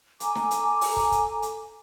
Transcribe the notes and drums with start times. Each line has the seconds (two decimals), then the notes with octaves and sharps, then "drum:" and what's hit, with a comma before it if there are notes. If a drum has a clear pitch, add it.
0.20 A4 G#5 A#5 D6, drum: hi-hat
0.35 drum: snare
0.51 drum: hi-hat
0.81 drum: open hi-hat
0.97 drum: kick
1.12 drum: kick, hi-hat
1.42 drum: hi-hat